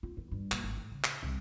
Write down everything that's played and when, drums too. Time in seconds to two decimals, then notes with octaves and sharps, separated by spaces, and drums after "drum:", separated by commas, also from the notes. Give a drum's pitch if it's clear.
0.03 F4
0.17 E2
0.31 G2
0.52 A#2, drum: clap
0.64 G#1
0.77 A2
0.91 C#3
1.04 drum: clap
1.23 C2